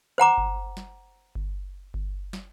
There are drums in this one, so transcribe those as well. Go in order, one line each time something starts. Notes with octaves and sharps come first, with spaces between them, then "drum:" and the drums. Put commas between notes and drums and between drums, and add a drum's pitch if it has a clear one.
C5 F#5 A#5 D6
drum: kick G1
drum: snare
drum: kick G1
drum: kick G1
drum: snare